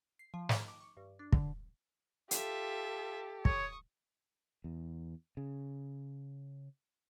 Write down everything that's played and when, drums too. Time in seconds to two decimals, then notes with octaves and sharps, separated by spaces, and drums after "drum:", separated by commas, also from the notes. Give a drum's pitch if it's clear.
0.19 C7
0.34 F3
0.49 D#3, drum: snare
0.68 D6
0.81 C#6
0.97 G2
1.19 D4
1.32 D3, drum: kick
2.31 F4 G4 A4 E5, drum: hi-hat
3.45 C#5 C#6 D#6, drum: kick
4.64 E2
5.37 C#3